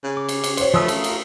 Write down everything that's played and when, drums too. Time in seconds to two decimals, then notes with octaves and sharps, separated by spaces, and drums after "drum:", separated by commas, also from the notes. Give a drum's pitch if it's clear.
0.04 C#3
0.17 D6
0.29 drum: cymbal
0.44 drum: cymbal
0.57 C5 C#5, drum: cymbal
0.74 F3 A3 B4 D#6 E6
0.88 F4 A#4, drum: cymbal
1.04 drum: cymbal